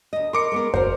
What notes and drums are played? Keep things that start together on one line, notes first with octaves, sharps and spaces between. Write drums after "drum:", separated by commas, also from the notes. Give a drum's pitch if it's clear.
D2 D#5
A#4 C6 D6 C#7
G#3 B3 A#4
F#4 A#4 C5, drum: kick